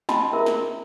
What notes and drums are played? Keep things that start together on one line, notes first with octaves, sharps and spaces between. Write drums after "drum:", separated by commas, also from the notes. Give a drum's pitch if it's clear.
D#5 G5 A5 B5 C6, drum: snare
E4 G#4 A#4 E5
drum: snare